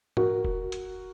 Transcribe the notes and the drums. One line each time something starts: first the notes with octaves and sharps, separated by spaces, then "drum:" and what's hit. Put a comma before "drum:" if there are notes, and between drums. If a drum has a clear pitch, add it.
F#4 A#4, drum: tom G#2
drum: kick E1
drum: hi-hat